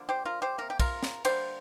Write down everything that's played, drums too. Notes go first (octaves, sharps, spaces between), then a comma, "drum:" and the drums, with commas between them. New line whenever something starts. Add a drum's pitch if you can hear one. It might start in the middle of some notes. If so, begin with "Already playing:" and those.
Already playing: D3 F3 A#3
G4 C5
F4 A#4
G4 C5
C3 A#3 A#4
G4
F4 A#4, drum: kick, cymbal
drum: snare
D3 G3 A#3 G4 C5, drum: cymbal